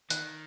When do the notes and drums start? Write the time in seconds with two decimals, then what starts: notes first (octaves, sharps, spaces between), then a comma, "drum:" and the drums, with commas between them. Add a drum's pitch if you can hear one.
0.10 D#3 F#6, drum: hi-hat